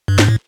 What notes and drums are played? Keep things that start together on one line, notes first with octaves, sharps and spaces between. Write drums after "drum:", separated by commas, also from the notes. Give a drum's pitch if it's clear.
G2
G#2, drum: snare
A2